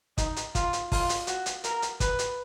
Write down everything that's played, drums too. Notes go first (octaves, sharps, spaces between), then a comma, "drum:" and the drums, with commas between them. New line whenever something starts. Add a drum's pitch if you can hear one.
D#4, drum: kick, hi-hat
drum: hi-hat
F4, drum: kick, hi-hat
drum: hi-hat
F4, drum: kick, open hi-hat
drum: hi-hat
F#4, drum: hi-hat
drum: hi-hat
A#4, drum: hi-hat
drum: hi-hat
B4, drum: kick, hi-hat
drum: hi-hat